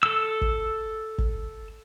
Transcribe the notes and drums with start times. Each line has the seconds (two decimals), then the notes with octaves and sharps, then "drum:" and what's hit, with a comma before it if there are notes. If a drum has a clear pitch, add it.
0.03 A4 E6
0.41 drum: kick G1
1.18 drum: kick G1